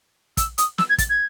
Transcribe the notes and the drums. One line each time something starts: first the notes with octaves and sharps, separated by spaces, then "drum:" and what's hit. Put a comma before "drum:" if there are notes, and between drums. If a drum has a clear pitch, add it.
E6, drum: kick, hi-hat
D#6, drum: hi-hat
E6, drum: snare
G#6
A6, drum: kick, hi-hat
G#6